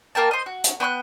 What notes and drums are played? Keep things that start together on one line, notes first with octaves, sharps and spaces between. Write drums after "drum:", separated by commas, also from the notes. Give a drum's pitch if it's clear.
A#3 A#4 G5 A5
C5 D#5
F#4
drum: hi-hat
B3 G5 C6 F#6